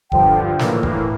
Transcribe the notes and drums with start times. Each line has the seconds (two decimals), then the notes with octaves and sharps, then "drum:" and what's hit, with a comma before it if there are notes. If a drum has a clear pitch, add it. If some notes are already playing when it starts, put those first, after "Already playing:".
0.12 G2 D3 F3 G5, drum: kick E1
0.59 A2 E3 A#3, drum: snare
0.83 drum: kick E1